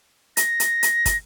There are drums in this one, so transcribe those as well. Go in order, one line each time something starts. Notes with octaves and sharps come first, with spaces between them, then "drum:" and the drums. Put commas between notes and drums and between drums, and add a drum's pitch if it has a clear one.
A#6, drum: hi-hat
drum: hi-hat
drum: hi-hat
drum: kick, hi-hat